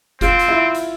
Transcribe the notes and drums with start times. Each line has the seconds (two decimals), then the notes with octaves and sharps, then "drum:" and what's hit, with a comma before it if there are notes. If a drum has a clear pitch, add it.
0.21 C4 F4, drum: kick F#1, hi-hat
0.39 drum: hi-hat
0.48 E4
0.75 drum: hi-hat